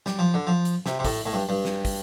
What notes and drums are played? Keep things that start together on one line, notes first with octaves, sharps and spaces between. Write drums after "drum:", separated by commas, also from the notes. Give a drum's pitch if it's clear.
G3, drum: snare
F3
D3
F3
drum: hi-hat
C3, drum: snare
C3
A2, drum: kick, open hi-hat
A2
G2
G2
drum: snare
drum: kick, open hi-hat